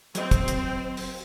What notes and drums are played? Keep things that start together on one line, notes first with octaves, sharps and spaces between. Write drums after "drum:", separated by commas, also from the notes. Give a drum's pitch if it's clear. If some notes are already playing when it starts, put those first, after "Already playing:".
F#3 C4 D#5, drum: hi-hat
drum: kick, hi-hat
drum: hi-hat
drum: open hi-hat